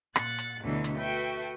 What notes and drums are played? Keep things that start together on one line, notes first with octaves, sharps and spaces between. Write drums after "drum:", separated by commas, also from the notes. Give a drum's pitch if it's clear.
A#2 F#5 F#6 A6, drum: rim click
drum: hi-hat
D2 B2 D3 E3 F#3 B3
drum: hi-hat
F#4 A4 B4 E5 G5